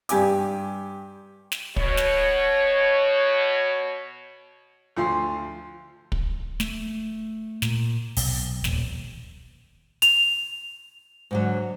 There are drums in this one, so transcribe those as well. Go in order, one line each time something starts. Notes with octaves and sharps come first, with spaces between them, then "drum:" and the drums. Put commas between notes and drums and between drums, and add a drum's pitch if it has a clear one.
G2 G4 G#5 D6, drum: hi-hat
drum: snare
B2 C#5, drum: kick
drum: snare
D2 F3 C6
drum: kick
A3, drum: snare
A#2, drum: snare
B1, drum: open hi-hat
D#1, drum: snare
F7, drum: hi-hat
G#2 D3 F#3